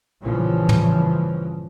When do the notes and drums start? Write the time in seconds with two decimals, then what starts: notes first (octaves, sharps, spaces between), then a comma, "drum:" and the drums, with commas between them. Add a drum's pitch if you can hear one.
0.21 A#1 G2 A#2 C#3 E3 F3
0.69 drum: tom